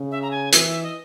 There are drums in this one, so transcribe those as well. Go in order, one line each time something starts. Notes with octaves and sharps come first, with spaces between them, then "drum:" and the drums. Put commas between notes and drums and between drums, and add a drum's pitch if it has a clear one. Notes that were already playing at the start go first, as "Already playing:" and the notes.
Already playing: C#3
E5
A#5
G#5
E3 E5, drum: hi-hat
E5
D#5